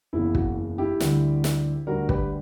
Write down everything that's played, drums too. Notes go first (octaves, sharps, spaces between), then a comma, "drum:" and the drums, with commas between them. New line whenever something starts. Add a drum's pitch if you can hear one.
F#1 E2 C#3 E4
F#4, drum: kick
E4 G4
D2 D3 G3, drum: snare
drum: snare
D2 D3 G3 F#4 A#4
G4 B4, drum: kick